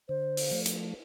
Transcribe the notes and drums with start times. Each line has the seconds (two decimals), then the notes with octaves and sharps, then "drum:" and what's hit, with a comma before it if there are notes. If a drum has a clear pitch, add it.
0.09 D3 C5
0.37 drum: open hi-hat
0.51 F3 A3
0.66 drum: hi-hat